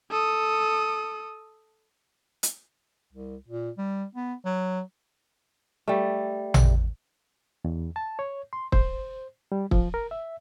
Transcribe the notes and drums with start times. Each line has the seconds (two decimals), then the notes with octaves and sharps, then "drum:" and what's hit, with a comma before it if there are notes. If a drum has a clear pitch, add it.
0.11 A4 D#6
2.43 drum: hi-hat
3.13 C2
3.48 A#2
3.78 G3
4.15 B3
4.45 F#3
5.88 G3 A3
6.54 drum: tom A1
7.65 E2
7.96 A5
8.19 C#5
8.53 C6
8.72 C5, drum: kick
9.52 G3
9.71 F3, drum: kick
9.94 A#4
10.11 E5